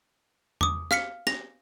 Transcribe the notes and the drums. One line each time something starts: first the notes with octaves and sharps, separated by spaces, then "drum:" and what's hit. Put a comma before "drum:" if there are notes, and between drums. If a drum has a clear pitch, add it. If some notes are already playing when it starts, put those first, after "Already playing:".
D6 D#6, drum: tom E2
F5 F6 B6 C#7, drum: snare
A#6 F7, drum: snare